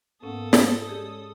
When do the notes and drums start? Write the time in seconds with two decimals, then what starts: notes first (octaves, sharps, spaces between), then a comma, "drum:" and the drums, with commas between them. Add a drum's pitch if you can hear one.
0.23 G#2 A#3 B3 C#4 A4 F#5 D#6
0.53 drum: snare
0.88 G#3 C#4 G4 G#4 D5